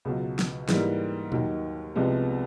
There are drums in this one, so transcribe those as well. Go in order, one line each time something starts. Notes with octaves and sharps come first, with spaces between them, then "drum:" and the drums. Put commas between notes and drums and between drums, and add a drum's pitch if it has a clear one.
C#2 B2 F#3
drum: snare
G#2 E3 G3 A#3, drum: snare
D#2 D#3 F#3, drum: tom A#2
C2 C3 F3 G#3 B3